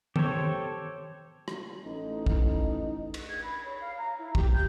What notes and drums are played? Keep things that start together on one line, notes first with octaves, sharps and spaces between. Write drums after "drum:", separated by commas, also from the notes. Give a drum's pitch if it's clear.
G4 A4 C5 C#5, drum: tom
drum: rim click
A1 D#4
drum: kick
drum: cymbal
G#6
B5
C#5
F5
A#5
E4
G4, drum: kick
G6